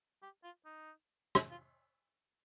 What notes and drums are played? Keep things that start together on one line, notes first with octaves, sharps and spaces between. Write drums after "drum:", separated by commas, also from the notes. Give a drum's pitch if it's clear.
G4
F4
D#4
drum: rim click
F4